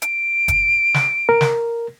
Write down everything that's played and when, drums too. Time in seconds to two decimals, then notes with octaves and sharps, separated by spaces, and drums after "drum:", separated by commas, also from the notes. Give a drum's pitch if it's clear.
0.02 D7, drum: hi-hat
0.48 drum: kick F#1, hi-hat
0.94 drum: snare
1.29 A#4
1.41 drum: snare